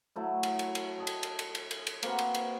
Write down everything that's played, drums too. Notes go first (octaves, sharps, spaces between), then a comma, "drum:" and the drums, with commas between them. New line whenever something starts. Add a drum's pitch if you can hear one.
F#3 A3 E4
drum: cymbal
drum: cymbal
drum: cymbal
A4 D#5 G5
drum: cymbal
drum: cymbal
drum: cymbal
drum: cymbal
drum: cymbal
drum: cymbal
A#3 C4 F#4 B4, drum: cymbal
drum: cymbal
drum: cymbal